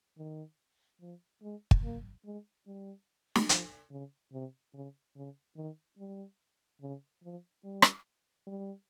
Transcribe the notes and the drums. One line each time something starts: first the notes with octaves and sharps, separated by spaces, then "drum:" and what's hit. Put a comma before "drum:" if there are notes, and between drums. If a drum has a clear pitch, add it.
D#3
F3
G#3
drum: kick
A#3
G#3
G3
drum: snare
F3, drum: hi-hat
C#3
C3
C#3
C#3
D#3
G3
C#3
F3
G3
drum: rim click
G3